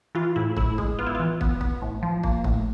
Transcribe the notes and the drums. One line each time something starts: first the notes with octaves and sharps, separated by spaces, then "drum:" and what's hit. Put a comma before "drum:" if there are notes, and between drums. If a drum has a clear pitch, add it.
E3 F4
A2 E4
A2 E4, drum: kick
G#3, drum: kick
B3 F4
E4
E3 F4
B3, drum: kick
B3, drum: kick
A2
F3
A#3, drum: kick
A2, drum: kick